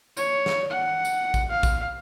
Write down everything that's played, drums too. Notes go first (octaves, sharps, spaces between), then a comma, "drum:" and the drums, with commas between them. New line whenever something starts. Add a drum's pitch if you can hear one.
C#5, drum: tambourine
drum: snare
F#5
drum: tambourine
drum: kick A1, tambourine
F5
drum: kick A1, tambourine